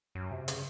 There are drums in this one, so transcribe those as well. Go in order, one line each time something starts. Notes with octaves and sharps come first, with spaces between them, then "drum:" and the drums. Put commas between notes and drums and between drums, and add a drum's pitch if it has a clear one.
F#2
C3
C#3, drum: hi-hat